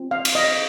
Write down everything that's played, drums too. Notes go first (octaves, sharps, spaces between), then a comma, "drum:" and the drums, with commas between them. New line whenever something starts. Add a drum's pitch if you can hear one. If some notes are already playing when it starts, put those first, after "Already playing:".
Already playing: C4 F4
F5
drum: cymbal
D#5